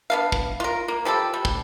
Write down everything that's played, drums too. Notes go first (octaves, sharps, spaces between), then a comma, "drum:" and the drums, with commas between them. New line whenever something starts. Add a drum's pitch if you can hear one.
B3 D4 F5
drum: kick
F4 A#4
A#3
F3 G3 G4 A4
G3
drum: kick